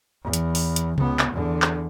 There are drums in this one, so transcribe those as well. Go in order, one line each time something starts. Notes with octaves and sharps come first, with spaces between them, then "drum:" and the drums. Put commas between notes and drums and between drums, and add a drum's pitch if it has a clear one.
E2
drum: hi-hat
drum: open hi-hat
drum: hi-hat
C#2 B3, drum: tom C3
drum: clap
E2 D3
drum: clap